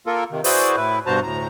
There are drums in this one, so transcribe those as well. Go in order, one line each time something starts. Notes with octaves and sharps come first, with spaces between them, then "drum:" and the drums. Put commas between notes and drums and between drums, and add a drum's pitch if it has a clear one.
A#3 F4 A4 A#4
C3 D#3
E4 F#4 G#4 B4 C5 D5, drum: open hi-hat
A2 E4 B4
G2 B2 F#4 C5 A5 A#5
D2 A2 A#5